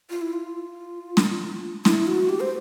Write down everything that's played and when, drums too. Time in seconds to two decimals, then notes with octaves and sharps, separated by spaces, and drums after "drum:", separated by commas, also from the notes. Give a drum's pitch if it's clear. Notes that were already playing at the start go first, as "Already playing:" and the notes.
0.10 F4
0.22 E4
0.33 F4
1.17 drum: snare
1.85 E4, drum: snare
2.07 F#4
2.29 G4
2.40 C5